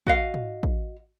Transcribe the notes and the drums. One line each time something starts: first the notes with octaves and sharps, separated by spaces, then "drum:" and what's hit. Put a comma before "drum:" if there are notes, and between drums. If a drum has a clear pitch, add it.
F#4 D#5 F5, drum: kick
drum: tom
drum: kick